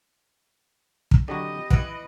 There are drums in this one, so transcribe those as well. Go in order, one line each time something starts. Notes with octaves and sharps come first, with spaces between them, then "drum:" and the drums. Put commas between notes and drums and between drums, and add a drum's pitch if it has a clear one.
drum: kick
D3 F#3 F#4 G4 D#5 B5
E3 B4 F#5, drum: kick